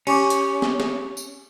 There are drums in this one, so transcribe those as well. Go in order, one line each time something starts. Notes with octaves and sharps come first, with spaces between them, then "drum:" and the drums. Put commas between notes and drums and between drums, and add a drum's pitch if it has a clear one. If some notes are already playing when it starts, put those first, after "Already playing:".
C#4 G4 C#6 D6, drum: cymbal
drum: hi-hat
drum: snare
drum: snare
drum: tambourine